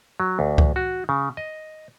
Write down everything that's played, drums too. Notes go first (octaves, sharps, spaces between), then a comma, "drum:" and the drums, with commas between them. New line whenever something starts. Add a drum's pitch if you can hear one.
F#3
D2
drum: kick C#2
F#4
C#3
D#5